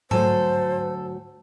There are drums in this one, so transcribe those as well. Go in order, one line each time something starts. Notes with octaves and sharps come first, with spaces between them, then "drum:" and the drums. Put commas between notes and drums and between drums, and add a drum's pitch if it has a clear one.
D2 F#3 A4 C5 G#5, drum: tom G#2